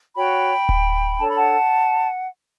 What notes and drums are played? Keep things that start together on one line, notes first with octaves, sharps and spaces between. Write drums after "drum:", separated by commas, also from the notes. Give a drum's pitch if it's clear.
F#4 C#5 G5 B5
drum: kick D1
D4 A4 C#5 A5
B5
F#5 A5